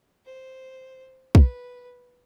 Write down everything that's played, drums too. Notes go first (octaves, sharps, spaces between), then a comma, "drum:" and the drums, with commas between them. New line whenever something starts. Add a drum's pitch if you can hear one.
C5
B4, drum: kick